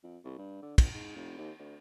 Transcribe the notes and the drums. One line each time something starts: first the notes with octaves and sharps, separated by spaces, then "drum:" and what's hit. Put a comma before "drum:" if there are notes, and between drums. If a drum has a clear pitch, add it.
F2
C2
G2
D3
A#1, drum: kick, cymbal
G#2
F1
D#2
D2